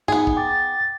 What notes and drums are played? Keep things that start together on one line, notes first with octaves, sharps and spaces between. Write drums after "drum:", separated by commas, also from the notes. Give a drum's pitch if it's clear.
B3 D#4 G#4, drum: tom
drum: kick
G5 D6 A6